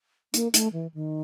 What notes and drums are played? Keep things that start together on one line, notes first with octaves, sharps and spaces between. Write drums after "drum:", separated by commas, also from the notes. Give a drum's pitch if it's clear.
A#3, drum: hi-hat
A3, drum: hi-hat
E3
D#3